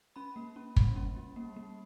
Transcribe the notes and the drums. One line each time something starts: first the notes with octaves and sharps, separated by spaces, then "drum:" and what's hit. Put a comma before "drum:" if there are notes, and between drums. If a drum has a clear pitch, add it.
C#4 B5
A#3
C#4
G3, drum: kick
C#4
G3
A#3
A#3